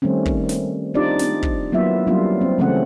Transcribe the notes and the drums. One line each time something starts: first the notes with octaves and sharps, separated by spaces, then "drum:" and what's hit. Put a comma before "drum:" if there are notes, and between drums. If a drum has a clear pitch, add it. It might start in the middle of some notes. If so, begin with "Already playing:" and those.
D#3 G3 A3 C4 C#4
drum: kick
drum: snare
C4 D4 D#4 F4 G4 D5
drum: snare
drum: kick
F#3 A#3 B3 E4 F4 E5
F#3 G3 A#3 C#4 D4 F4
C4
C#3 E3 A3 C4 C#4 F#5